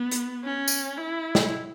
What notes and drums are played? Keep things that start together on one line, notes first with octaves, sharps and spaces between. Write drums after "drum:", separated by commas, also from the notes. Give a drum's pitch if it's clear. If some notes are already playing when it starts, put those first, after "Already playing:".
Already playing: B3
drum: hi-hat
C#4
drum: tambourine
E4
drum: snare